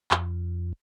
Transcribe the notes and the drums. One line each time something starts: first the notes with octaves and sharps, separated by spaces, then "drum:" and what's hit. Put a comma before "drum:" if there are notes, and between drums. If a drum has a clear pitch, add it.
F2, drum: clap